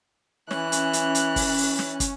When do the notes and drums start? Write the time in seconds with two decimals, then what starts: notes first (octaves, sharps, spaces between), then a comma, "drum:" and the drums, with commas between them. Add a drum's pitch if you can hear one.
0.51 E3 C#4 F#6, drum: snare
0.72 drum: hi-hat
0.93 drum: hi-hat
1.15 drum: hi-hat
1.36 drum: kick, open hi-hat
1.57 drum: open hi-hat
1.79 drum: snare
2.00 drum: kick, hi-hat